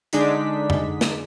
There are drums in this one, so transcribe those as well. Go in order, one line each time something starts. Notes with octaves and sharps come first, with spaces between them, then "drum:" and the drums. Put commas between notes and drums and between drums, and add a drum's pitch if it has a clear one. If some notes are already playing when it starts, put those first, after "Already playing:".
D3 G#3 D4 D#4 B6, drum: hi-hat
drum: tom F2
drum: snare